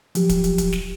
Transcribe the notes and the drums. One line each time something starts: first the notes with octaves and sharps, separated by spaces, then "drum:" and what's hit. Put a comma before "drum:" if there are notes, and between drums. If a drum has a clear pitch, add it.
F3 F#3 G4, drum: hi-hat
drum: kick, hi-hat
drum: hi-hat
drum: kick, hi-hat
drum: snare